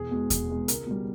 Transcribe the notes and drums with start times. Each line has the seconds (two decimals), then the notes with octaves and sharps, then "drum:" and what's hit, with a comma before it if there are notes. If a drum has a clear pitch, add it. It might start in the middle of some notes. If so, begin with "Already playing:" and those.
Already playing: E1 G#4
0.11 E2 B2 G#3
0.30 E1, drum: kick E2, hi-hat
0.49 E2 B2 G#3
0.68 C#2 A#4, drum: hi-hat
0.87 B2 G3